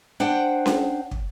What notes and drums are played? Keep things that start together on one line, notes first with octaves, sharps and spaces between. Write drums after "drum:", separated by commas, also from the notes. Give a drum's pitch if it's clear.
D4 C5 F#5 G5
drum: snare C#4
drum: kick